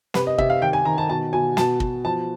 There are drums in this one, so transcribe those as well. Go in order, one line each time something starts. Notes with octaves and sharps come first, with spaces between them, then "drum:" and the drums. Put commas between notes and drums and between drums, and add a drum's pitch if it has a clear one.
C3 B4, drum: snare
D#5
C3 E5, drum: kick
F5
D#3 G5
G#5
D#3 A#5
A5
B2 A5
B2 G#5
B2 A5, drum: snare
B2, drum: kick
F3 A5